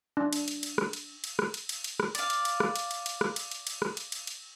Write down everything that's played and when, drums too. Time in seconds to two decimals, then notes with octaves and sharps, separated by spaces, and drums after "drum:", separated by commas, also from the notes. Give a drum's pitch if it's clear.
0.17 D4
0.33 drum: cymbal
0.48 drum: cymbal
0.63 drum: cymbal
0.78 drum: rim click
0.93 drum: cymbal
1.24 drum: cymbal
1.39 drum: rim click
1.54 drum: cymbal
1.69 drum: cymbal
1.84 drum: cymbal
2.00 drum: rim click
2.15 D5 F5, drum: cymbal
2.30 drum: cymbal
2.45 drum: cymbal
2.60 drum: rim click
2.76 drum: cymbal
2.91 drum: cymbal
3.06 drum: cymbal
3.21 drum: rim click
3.36 drum: cymbal
3.51 drum: cymbal
3.67 drum: cymbal
3.82 drum: rim click
3.97 drum: cymbal
4.12 drum: cymbal
4.27 drum: cymbal